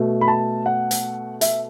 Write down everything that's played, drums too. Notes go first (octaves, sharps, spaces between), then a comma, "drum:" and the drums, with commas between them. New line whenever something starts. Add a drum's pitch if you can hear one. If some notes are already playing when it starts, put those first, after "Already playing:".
Already playing: B2 A3
B5
A5
F#5
drum: hi-hat
E5, drum: hi-hat